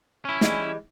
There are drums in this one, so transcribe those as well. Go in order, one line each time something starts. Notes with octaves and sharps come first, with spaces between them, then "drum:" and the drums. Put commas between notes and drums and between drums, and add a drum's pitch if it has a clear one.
C#4 E4
E3 G3 G#3, drum: snare